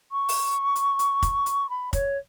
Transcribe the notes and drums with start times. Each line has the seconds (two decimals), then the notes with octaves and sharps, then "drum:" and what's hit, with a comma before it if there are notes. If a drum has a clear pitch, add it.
0.11 C#6
0.29 drum: open hi-hat
0.76 drum: hi-hat
0.99 drum: hi-hat
1.23 drum: kick, hi-hat
1.46 drum: hi-hat
1.69 B5
1.93 C#5, drum: kick, hi-hat